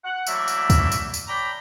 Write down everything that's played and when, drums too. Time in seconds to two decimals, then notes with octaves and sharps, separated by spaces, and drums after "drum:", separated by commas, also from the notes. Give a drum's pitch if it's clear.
0.04 F#5
0.27 E3 F#3 A3 A#3 D5 E5, drum: tambourine
0.48 drum: tambourine
0.70 drum: kick, tambourine
0.92 drum: tambourine
1.14 drum: tambourine
1.28 D4 C#5 D5 G5 A#5 B5